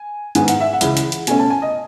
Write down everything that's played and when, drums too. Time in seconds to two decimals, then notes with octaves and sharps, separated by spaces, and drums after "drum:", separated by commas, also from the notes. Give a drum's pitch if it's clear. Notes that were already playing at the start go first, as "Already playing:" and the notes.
Already playing: G#5
0.35 G#2 D#3 G#3 B3 G#5, drum: hi-hat
0.48 F#5, drum: hi-hat
0.60 E5
0.73 F#5
0.81 C#2 C#3 E3 G#3, drum: hi-hat
0.97 drum: hi-hat
1.12 drum: hi-hat
1.27 B2 A3 C#4 G#5, drum: hi-hat
1.39 A5
1.50 G#5
1.62 D#5